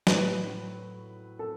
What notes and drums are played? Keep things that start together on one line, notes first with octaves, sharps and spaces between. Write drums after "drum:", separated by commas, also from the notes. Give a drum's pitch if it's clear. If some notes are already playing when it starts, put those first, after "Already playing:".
A2 F#3 B4, drum: snare
A4